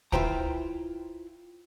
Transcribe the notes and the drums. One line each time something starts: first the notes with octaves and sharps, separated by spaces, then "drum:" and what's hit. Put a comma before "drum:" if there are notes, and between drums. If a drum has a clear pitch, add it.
E4 F4 B4 C5 G5 A#5, drum: kick